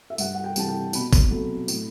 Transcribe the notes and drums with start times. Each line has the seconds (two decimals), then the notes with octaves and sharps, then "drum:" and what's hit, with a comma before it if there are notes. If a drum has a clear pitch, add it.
0.10 E5
0.18 G2 F#5, drum: tambourine
0.35 F#5
0.44 G5
0.56 E3 G3 C4 A5, drum: tambourine
0.68 G5
0.93 B2 B5, drum: tambourine
1.13 drum: kick, tambourine
1.31 F#3 A3 C4
1.68 A2, drum: tambourine